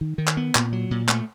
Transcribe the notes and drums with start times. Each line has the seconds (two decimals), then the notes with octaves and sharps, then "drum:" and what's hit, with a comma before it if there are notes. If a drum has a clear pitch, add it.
0.01 D#3
0.18 D#3
0.28 drum: clap
0.37 B3
0.55 A#2, drum: clap
0.73 F#3
0.91 A#2
1.09 A3, drum: clap